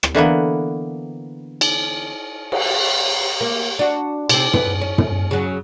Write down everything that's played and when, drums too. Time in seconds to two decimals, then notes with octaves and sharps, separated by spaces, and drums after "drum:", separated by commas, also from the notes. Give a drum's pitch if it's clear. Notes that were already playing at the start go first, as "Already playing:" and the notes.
0.03 drum: rim click
0.15 D3 E3 A#3 B3
1.61 drum: cymbal
2.52 drum: cymbal
3.41 A#3
3.79 D4 F#4
4.29 C3 C4, drum: cymbal
4.54 B3, drum: tom
4.81 C#4
4.98 drum: tom
5.31 C#3 F#3